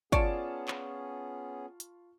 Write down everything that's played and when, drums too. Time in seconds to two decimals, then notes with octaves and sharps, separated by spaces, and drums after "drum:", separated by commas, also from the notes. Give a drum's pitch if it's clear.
0.12 B3 C#4 F4 G#4 C#5 D5 A5 C#6, drum: kick
0.68 drum: clap
1.80 drum: hi-hat